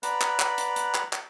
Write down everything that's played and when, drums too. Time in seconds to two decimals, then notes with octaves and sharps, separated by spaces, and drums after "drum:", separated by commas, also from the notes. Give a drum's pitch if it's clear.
0.03 B4 D5 F#5 A#5 B5, drum: hi-hat
0.21 drum: clap
0.40 drum: clap
0.58 drum: hi-hat
0.76 drum: hi-hat
0.95 drum: clap
1.13 drum: clap